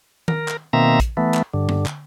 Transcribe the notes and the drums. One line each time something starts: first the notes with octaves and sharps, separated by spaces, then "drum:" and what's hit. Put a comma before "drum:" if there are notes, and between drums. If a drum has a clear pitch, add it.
A#4, drum: tom D#3
drum: clap
B2 D#3 A#3 C4 E5 A#5
drum: kick A#1, hi-hat
E3 A3 B3
drum: clap
G2 D3
drum: tom D3
drum: clap